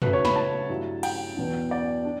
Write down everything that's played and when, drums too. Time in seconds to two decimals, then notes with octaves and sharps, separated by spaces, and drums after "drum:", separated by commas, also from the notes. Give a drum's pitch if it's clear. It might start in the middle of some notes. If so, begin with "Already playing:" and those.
0.02 C#3 F#3 A3 B4, drum: tom
0.13 C#5
0.25 B5, drum: snare
0.36 A5
0.69 G2 F#3 A3 E4
1.03 G5, drum: cymbal
1.37 E2 B2 F#3 B3
1.71 D5
2.05 D4